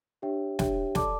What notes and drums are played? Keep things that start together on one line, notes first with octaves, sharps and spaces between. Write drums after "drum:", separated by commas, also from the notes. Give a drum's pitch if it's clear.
D4 G4 C#5 E5 G5
D4 G4 C#5 E5 G5, drum: snare
A4 D5 A5 D6, drum: snare